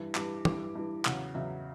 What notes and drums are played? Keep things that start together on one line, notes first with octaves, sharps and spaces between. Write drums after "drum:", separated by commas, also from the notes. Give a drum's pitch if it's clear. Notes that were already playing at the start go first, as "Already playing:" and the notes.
Already playing: G2 E3
G2 E3 D6, drum: clap
G2 E3 D6, drum: tom
G2 E3
E2 C#3 F#3 F#5, drum: clap
E2 C#3 F#3 E5